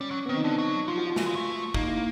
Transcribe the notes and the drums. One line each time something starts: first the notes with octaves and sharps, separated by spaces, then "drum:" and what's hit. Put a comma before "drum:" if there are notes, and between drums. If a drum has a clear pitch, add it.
G3 C#4
F#3
B3
D#3 C4
D#4
D3 D4
F#3 D#4
F3 F4
F#4
F4
E3 F4, drum: snare
G#3
A3
A#3 D#4, drum: kick
E4